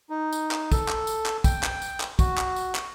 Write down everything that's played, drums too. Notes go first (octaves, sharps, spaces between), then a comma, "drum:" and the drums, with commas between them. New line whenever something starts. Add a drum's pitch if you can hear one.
D#4
drum: tambourine
drum: clap
A4, drum: kick, tambourine
drum: clap
drum: tambourine
drum: clap
G5, drum: kick, tambourine
drum: clap
drum: tambourine
drum: clap
F#4, drum: kick, tambourine
drum: clap
drum: tambourine
drum: clap